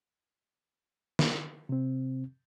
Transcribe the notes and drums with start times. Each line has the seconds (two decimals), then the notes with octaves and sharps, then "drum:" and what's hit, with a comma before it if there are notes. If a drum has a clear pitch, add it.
1.19 drum: snare
1.69 C3 C4